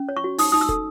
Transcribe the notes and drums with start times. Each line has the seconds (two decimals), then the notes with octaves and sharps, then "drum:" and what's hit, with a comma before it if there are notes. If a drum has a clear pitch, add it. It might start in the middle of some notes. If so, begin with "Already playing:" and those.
Already playing: C#4
0.09 C#5
0.17 C#6
0.24 F#4
0.38 D#4 D#6, drum: open hi-hat
0.52 D#4 D#6
0.61 E6
0.69 A4, drum: kick